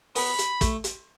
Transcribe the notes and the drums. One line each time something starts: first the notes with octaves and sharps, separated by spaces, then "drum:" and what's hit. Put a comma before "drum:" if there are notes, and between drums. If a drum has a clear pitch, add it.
B3 B5, drum: open hi-hat
drum: hi-hat
A3, drum: kick, hi-hat
drum: hi-hat